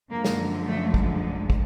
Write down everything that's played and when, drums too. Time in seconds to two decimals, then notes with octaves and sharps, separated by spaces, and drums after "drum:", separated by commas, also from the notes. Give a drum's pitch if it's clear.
0.10 F#2 D3 F3 G#3 A#3
0.25 drum: snare
0.66 A3
0.94 drum: kick
1.50 drum: kick